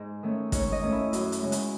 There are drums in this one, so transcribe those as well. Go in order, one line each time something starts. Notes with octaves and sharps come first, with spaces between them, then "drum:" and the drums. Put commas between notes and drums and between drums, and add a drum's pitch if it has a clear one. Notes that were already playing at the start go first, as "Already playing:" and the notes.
Already playing: G#2
D#3 A3 C#4
G#2 C#5, drum: kick, hi-hat
D#5
D#3 A3 C#4
E4
F#2, drum: hi-hat
drum: hi-hat
C#3 G#3
drum: hi-hat